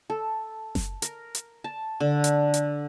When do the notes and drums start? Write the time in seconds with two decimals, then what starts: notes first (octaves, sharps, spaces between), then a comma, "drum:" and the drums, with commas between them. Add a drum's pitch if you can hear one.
0.10 A4
0.75 drum: snare F#1
1.02 A#4, drum: hi-hat
1.35 drum: hi-hat
1.64 A5
2.00 D3
2.24 drum: hi-hat
2.54 drum: hi-hat